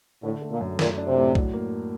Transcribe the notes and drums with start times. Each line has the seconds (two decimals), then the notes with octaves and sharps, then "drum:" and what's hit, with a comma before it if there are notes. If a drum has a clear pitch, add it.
0.23 A2 D3
0.42 A3
0.51 A#2
0.61 F#2
0.79 A#2 A3, drum: snare
0.98 D4
1.07 C3
1.17 A2
1.35 F#3, drum: kick
1.53 A#3